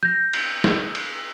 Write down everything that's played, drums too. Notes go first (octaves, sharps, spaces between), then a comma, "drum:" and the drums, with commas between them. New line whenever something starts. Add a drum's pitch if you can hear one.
G6 A#6
drum: cymbal
drum: snare
drum: cymbal